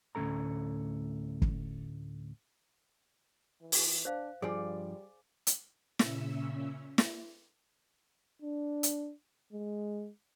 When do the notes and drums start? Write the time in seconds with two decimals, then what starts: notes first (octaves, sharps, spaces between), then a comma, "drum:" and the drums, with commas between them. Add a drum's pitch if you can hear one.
0.15 D2 A2 E3 C#4 A4 A#5
1.42 drum: kick
3.61 E3
3.72 drum: open hi-hat
4.05 D4 C5 F5
4.42 G2 F3 G3 G#4 D5 G#5
5.47 drum: hi-hat
5.99 A#2 C#3 C#4 E5 E6, drum: snare
6.98 drum: snare
8.42 D4
8.83 drum: hi-hat
9.53 G#3